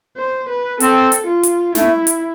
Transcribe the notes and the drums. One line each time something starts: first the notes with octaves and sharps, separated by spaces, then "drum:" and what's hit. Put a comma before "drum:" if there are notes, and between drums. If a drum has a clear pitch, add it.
C5
B4
C4 A4, drum: hi-hat
drum: hi-hat
F4
drum: hi-hat
A3 E4, drum: snare
drum: hi-hat